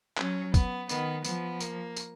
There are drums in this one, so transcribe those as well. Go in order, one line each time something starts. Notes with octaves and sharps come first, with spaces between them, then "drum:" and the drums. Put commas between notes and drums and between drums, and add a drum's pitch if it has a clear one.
F#3 C#4, drum: clap
B3, drum: kick F#1, tambourine
D#3 B3, drum: tambourine
F3 B3, drum: tambourine
A#3, drum: tambourine
drum: tambourine